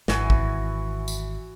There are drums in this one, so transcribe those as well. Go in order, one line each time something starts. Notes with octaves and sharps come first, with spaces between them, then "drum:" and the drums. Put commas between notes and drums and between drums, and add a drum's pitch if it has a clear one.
G#1 E3 F#4 G#5, drum: snare
drum: kick
drum: tambourine